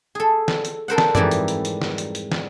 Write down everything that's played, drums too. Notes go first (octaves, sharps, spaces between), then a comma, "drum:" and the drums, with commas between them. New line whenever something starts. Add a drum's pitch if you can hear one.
G#4 A4
drum: snare
drum: hi-hat
A4 A#4 C5 F#5
drum: snare
F2 G#2 E3 G3 E4 D5, drum: tom F#2
drum: hi-hat
drum: hi-hat
drum: hi-hat
drum: snare
drum: hi-hat
drum: hi-hat
drum: snare